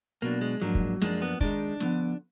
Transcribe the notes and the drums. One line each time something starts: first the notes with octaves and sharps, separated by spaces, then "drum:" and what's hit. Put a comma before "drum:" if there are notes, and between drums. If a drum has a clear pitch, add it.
B2 F#3 A#3 D4
G#3
G#2 F3 F#3 A#3 D4
drum: kick
F#2 F3 G#3 A#3 D4, drum: snare
B3
D#3 G#3 D4 D#4, drum: kick
D3 F3 B3, drum: snare